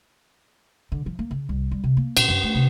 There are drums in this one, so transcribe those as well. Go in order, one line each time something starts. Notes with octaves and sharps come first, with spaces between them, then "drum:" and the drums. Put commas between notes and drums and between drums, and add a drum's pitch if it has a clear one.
D3
F3
A#3
C#3
C2
G3
C3
A#3
A#2, drum: cymbal
F#2
A3
C3